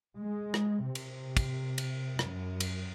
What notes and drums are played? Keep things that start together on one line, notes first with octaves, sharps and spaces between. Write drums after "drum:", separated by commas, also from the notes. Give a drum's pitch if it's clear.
G#3
drum: rim click
C3
drum: cymbal
drum: kick, cymbal
drum: cymbal
F#2, drum: rim click
drum: cymbal